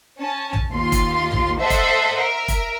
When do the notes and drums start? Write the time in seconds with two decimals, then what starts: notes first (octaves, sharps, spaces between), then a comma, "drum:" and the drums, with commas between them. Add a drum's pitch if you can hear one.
0.20 C#4 A5
0.53 drum: tom
0.73 D#2 F4 C6
0.92 drum: kick, hi-hat
1.31 drum: tom
1.60 A4 C5 D#5 E5 F#5
1.70 drum: kick, hi-hat
2.18 A#4 E5
2.48 drum: kick, hi-hat